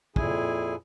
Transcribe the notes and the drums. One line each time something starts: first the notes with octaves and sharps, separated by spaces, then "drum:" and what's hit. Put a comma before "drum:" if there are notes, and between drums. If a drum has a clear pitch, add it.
F2 A#2 E4 G#4 G#5, drum: kick